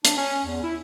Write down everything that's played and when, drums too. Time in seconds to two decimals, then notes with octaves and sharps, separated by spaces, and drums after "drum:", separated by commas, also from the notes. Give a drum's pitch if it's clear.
0.05 D4, drum: hi-hat
0.17 C#4
0.45 E2
0.64 E4